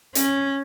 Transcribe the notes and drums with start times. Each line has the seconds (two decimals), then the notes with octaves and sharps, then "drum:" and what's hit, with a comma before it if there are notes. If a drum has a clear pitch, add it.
0.15 C#4, drum: hi-hat